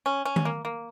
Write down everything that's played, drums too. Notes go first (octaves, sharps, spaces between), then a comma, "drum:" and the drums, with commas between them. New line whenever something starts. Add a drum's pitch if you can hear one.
C#4
C#4
drum: tom D#3
A#3
A#3